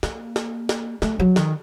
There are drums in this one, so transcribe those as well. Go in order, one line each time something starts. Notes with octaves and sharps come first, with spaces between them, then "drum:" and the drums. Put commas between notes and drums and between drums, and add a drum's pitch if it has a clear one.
A#3, drum: snare
drum: snare
drum: snare
A3, drum: snare
F#3
D#3, drum: snare